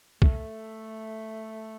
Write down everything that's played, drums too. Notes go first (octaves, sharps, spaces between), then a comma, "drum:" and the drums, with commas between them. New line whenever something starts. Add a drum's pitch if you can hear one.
A3, drum: kick